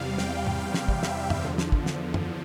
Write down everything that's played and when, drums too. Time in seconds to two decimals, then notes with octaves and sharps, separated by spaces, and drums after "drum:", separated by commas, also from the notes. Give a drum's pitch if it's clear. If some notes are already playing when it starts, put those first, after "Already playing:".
Already playing: E2 C3 G3 F5
0.18 G5, drum: snare
0.46 drum: tom G#2
0.61 F5
0.74 drum: snare
0.88 drum: kick
1.03 E5, drum: snare
1.30 drum: tom F#2
1.44 E2 D3 F3
1.58 drum: snare
1.72 drum: kick
1.86 drum: snare
2.14 drum: tom F#2